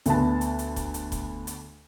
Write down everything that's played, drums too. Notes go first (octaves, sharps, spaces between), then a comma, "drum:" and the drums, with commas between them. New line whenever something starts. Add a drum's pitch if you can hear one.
D2 B3 A5, drum: hi-hat
drum: hi-hat
drum: hi-hat
drum: kick E1, hi-hat
drum: hi-hat
drum: kick E1, hi-hat
drum: hi-hat